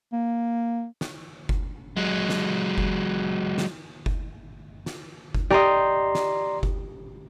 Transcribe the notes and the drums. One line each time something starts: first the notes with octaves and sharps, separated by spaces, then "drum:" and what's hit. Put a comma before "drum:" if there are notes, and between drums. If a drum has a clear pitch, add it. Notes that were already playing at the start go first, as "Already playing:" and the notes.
A#3
drum: snare
drum: kick F#1
F#3 G#3
drum: snare
drum: kick F#1
drum: snare
drum: kick F#1
drum: snare
drum: kick F#1
G4 D5 D#5 A#5 C6
drum: snare
drum: kick F#1